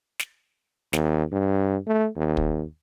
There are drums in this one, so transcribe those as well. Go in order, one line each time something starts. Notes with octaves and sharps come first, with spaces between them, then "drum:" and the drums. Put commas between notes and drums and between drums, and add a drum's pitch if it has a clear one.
drum: snare
D#2, drum: snare
G2
A3
D#2
drum: kick